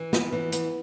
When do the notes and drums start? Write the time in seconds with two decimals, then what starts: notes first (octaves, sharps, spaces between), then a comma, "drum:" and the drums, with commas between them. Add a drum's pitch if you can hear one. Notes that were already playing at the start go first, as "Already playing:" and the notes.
Already playing: E3
0.13 B3, drum: snare
0.32 E3
0.52 B3, drum: hi-hat